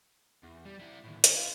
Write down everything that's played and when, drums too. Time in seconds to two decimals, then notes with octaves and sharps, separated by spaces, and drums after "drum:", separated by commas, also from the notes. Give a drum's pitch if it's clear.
0.43 E2
0.66 G3
0.80 G3 E4
1.05 D#2 A2
1.24 C#4, drum: hi-hat
1.35 E4 F5